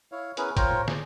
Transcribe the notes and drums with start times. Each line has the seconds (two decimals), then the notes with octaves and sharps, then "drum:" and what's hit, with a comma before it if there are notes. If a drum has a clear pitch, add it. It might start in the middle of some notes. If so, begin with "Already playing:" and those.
0.12 E4 C#5 F5
0.37 B3 C#4 E4 G#4 A#4 B4, drum: hi-hat
0.57 F4 A#4 C5 C#5 G5 A#5, drum: kick, hi-hat
0.71 drum: tom A2
0.88 G#4 D5, drum: snare